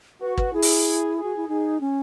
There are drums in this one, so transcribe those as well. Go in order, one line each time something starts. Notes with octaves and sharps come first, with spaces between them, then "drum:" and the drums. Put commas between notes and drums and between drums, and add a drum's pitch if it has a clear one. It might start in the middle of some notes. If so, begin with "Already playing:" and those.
F#4 B4
B4, drum: kick
E4 G#4
drum: open hi-hat
G#4
F#4
E4
D#4 G#4
C#4